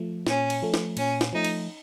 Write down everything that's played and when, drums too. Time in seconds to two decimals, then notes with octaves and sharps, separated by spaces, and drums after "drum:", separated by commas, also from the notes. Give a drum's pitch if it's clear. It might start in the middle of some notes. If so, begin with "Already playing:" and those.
Already playing: F3 A3
0.27 A#2 C#4, drum: snare
0.50 drum: cymbal
0.62 F3 A3
0.74 drum: snare
0.97 A#2 C#4, drum: cymbal
1.21 drum: snare
1.33 F3 A3 D#4
1.44 drum: cymbal